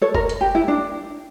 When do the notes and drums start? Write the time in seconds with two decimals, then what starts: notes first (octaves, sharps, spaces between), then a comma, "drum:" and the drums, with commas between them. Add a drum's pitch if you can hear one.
0.02 A4 C#5
0.15 A#4, drum: kick
0.29 drum: hi-hat
0.41 G4
0.55 E4
0.68 D4